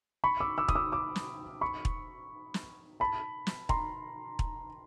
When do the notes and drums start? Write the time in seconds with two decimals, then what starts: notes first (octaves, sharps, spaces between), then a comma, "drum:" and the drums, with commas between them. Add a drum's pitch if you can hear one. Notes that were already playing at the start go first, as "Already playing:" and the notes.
0.24 B5 C#6
0.40 D6 E6
0.58 D6 E6
0.68 D#6, drum: kick
0.75 D6 E6
0.92 D6 E6
1.16 drum: snare
1.61 B5 C#6
1.85 drum: kick
2.54 drum: snare
3.00 A5 B5
3.47 drum: snare
3.69 A#5 C6, drum: kick
4.39 drum: kick